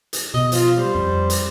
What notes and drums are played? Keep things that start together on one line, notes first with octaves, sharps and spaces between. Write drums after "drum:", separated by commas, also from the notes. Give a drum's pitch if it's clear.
drum: hi-hat
B2 D#5
F3 F4, drum: hi-hat
G3 C5
F2
drum: hi-hat